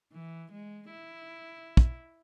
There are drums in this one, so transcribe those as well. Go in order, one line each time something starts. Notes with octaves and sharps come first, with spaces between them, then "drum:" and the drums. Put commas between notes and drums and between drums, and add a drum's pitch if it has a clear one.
E3
G#3
E4
drum: kick